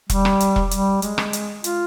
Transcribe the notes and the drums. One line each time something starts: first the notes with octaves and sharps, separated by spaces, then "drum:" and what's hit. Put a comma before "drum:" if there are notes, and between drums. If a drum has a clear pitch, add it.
G3, drum: kick E1, hi-hat
drum: rim click
drum: hi-hat
drum: kick E1
G3, drum: hi-hat
G#3, drum: hi-hat
drum: rim click
drum: hi-hat
F4, drum: hi-hat